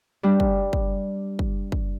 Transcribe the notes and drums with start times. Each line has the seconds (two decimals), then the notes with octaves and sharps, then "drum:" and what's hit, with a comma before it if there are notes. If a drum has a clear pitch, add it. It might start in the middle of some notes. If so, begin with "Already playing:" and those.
0.23 G3 D4
0.40 drum: kick
0.73 drum: kick
1.39 drum: kick
1.72 drum: kick